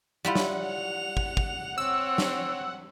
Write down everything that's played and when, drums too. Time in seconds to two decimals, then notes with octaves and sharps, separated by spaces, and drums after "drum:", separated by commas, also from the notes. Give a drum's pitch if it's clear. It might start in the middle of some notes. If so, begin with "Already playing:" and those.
0.25 G3 E4 F4 F#5
0.35 drum: snare
0.67 F7
1.17 drum: kick
1.37 drum: kick
1.78 C4 C#5 E6
2.18 drum: snare